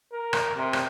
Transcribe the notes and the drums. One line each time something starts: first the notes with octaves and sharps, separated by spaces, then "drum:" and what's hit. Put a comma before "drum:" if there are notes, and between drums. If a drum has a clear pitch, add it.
A#4
drum: rim click
C3
drum: rim click